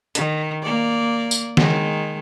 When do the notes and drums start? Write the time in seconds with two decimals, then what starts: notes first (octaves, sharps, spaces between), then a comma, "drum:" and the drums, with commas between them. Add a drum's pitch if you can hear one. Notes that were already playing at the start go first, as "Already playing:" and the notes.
0.15 D#3, drum: hi-hat
0.63 A#3 D5
1.31 drum: tambourine
1.57 D#3 G#3, drum: snare D#3